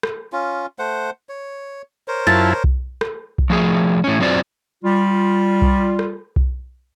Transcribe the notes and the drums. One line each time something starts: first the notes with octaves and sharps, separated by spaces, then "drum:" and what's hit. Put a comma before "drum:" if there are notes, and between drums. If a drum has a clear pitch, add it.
drum: rim click
C#4 F4
A3 C5 F#5
C#5
A#4 C5 C#5
F#2 E4 F4 A5
drum: kick B1
drum: rim click
drum: kick B1
F3 A3 G#4
A2 C#4
F#2 F#3 C4 F4 C5 D5
G3 F4
drum: kick B1
drum: rim click
drum: kick B1